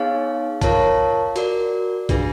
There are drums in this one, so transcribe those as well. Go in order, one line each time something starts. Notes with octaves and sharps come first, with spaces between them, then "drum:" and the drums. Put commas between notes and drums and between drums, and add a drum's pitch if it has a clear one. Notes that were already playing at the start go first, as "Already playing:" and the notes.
Already playing: B3 D#4 G#4 C#5 F5
F4 A#4 C#5 F5 A5, drum: kick, hi-hat
F#4 A#4 D5, drum: hi-hat
D4 F4 G#4 B4, drum: kick, hi-hat